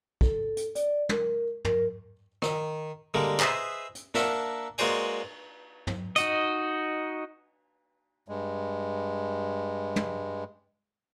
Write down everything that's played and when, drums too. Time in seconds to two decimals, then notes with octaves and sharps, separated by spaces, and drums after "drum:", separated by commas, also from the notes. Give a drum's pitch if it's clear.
0.21 A4, drum: kick
0.57 drum: hi-hat
0.75 D5, drum: hi-hat
1.09 A#4, drum: tom
1.65 A#4, drum: tom
2.42 D#3, drum: rim click
3.14 D3 G3 G#3 A#3 A#4
3.40 G#4 B4 C5 D#5 E5, drum: clap
3.95 drum: hi-hat
4.14 A#3 D4 A#4 E5 F#5 A5, drum: snare
4.78 G#3 A#3 F#4 C5 D5 G#5, drum: cymbal
5.87 drum: tom
6.16 D#4 F#4 D#5, drum: hi-hat
8.28 G2 G#3
9.96 drum: tom